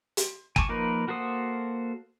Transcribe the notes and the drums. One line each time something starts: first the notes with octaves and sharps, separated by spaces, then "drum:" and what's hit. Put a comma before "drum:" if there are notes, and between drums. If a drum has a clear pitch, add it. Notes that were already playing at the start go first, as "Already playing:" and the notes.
drum: hi-hat
G#5 A5 C#6 D6, drum: kick G1
F3 A#3 D#4 A#4 B4
A#3 F#4 A4 C5 D#6